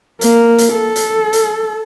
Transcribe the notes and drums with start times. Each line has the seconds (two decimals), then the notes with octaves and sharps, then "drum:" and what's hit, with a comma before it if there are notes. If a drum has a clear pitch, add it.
0.21 A#3, drum: hi-hat
0.58 drum: hi-hat
0.73 A4
0.96 drum: hi-hat
1.33 drum: hi-hat